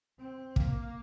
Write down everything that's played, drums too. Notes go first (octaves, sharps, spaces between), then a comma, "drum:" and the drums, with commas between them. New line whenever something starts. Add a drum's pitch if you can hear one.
C4
A#3, drum: kick